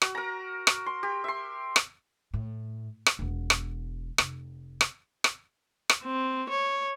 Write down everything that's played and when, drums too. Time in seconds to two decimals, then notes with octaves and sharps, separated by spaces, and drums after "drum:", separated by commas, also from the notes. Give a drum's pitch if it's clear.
0.02 F#4, drum: rim click
0.15 A#4 A#5
0.67 drum: rim click
0.86 C6
1.03 G4
1.24 E5 C6
1.76 drum: rim click
2.34 A2
3.06 drum: rim click
3.19 E1 B3
3.50 drum: rim click
4.18 F1, drum: rim click
4.81 drum: rim click
5.24 drum: rim click
5.89 drum: rim click
6.04 C4
6.49 C#5